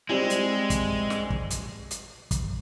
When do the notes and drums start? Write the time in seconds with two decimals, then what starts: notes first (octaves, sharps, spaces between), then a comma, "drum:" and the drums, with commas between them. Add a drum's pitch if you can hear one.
0.09 G3 G#3 C4 E4
0.30 drum: hi-hat
0.70 drum: kick, hi-hat
1.10 drum: snare
1.30 drum: kick
1.50 drum: hi-hat
1.91 drum: hi-hat
2.31 drum: kick, hi-hat